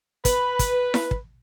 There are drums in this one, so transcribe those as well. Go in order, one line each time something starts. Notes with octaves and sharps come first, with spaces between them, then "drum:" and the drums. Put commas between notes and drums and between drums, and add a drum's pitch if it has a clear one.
B4, drum: kick, hi-hat
drum: kick, hi-hat
drum: snare E4
drum: kick